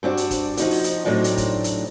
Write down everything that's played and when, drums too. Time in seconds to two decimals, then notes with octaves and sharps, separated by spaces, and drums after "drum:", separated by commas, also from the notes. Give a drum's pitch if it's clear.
0.03 G2 C4 D4 F#4
0.17 drum: hi-hat
0.31 drum: kick, hi-hat
0.57 F3 D#4 F#4, drum: hi-hat
0.71 drum: open hi-hat
0.84 drum: hi-hat
1.05 A2 C3 F#3 C4 D4 D#4
1.24 drum: hi-hat
1.37 drum: kick, hi-hat
1.64 drum: hi-hat